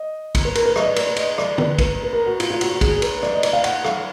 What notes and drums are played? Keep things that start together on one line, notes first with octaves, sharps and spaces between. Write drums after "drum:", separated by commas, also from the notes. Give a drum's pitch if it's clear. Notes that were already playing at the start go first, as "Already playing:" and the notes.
Already playing: D#5
drum: kick, cymbal
B4
A#4, drum: cymbal
B4
D#5, drum: rim click
D5
B4, drum: cymbal
D5
D#5, drum: cymbal
D5, drum: rim click
B4, drum: tom
B4, drum: kick, cymbal
B4
A#4
F#4
F4, drum: cymbal
F4
F#4, drum: cymbal
F#4
G#4, drum: kick, cymbal
B4, drum: cymbal
D5, drum: rim click
D#5
D5, drum: cymbal
F5
F#5, drum: cymbal
F5, drum: rim click